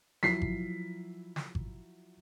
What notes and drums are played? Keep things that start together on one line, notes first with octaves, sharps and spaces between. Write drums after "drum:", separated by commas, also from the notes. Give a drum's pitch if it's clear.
F3 F#3 E4 B6 C7, drum: snare
drum: kick G#1
drum: snare
drum: kick G#1